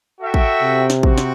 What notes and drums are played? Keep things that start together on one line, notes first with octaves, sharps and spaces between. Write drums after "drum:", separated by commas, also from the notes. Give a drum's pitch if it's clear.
F#4 A4 E5 G5
drum: kick
C3
drum: snare
C4 F#4, drum: kick
drum: snare